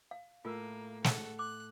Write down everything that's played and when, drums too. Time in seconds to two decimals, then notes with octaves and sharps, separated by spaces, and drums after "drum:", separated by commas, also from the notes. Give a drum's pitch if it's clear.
0.11 F5
0.45 A2 A#3 F4 A#4
1.04 A4 F#5, drum: snare
1.39 D6 F#6